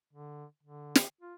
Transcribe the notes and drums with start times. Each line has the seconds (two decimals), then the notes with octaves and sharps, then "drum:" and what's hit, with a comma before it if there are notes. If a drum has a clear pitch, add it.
0.13 D3
0.63 D3
0.95 drum: snare
1.21 F4